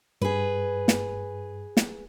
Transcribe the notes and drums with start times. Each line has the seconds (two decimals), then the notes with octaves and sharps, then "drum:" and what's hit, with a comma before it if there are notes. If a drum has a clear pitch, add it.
0.22 G2 G#4 B4
0.88 drum: snare
1.77 drum: snare